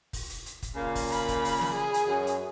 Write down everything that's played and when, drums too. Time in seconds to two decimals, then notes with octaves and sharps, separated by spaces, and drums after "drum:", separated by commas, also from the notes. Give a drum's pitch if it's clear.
0.13 drum: kick, open hi-hat
0.30 drum: hi-hat
0.46 drum: hi-hat
0.62 drum: kick, hi-hat
0.75 A#2 C#3 A#3
0.95 drum: kick, open hi-hat
1.12 B5, drum: hi-hat
1.28 drum: kick, hi-hat
1.45 drum: open hi-hat
1.61 drum: snare
1.74 G#4
1.94 drum: hi-hat
2.06 F#2
2.27 drum: hi-hat